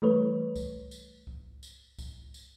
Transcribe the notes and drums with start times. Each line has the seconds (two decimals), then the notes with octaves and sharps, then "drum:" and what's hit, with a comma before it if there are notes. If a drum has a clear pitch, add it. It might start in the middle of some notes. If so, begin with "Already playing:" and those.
0.02 E3 G3 A3 B4 C#5
0.56 drum: kick C2, tambourine
0.91 drum: tambourine
1.27 drum: kick C2
1.63 drum: tambourine
1.98 drum: kick C2, tambourine
2.34 drum: tambourine